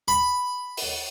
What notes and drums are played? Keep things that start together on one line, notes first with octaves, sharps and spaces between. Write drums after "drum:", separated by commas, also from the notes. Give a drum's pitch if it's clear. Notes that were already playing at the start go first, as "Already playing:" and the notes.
B5
drum: open hi-hat